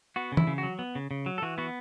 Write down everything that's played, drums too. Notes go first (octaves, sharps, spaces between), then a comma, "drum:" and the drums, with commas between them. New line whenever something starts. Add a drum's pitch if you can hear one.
B3 F#4
C#3
E4, drum: tom
C#3
F#4
F#3
B3
C#3
C#3
F#3
A4
E3 F#4
B3 F#4